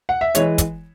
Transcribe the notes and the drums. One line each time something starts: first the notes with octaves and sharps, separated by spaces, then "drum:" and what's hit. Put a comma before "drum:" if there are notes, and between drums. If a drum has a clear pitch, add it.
F#5
E5
E3 G#3 C#5, drum: hi-hat
drum: kick, hi-hat